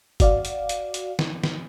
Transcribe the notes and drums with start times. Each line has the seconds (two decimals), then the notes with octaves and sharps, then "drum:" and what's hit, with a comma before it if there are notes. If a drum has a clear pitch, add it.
0.20 F#4 D5 F5, drum: kick, hi-hat
0.45 drum: hi-hat
0.69 drum: hi-hat
0.94 drum: hi-hat
1.19 drum: snare
1.44 drum: snare